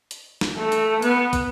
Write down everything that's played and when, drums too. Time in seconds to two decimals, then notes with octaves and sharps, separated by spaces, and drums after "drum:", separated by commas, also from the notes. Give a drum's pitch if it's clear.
0.11 drum: hi-hat
0.41 drum: snare
0.56 A3
0.72 drum: hi-hat
1.02 B3, drum: hi-hat
1.33 drum: kick, hi-hat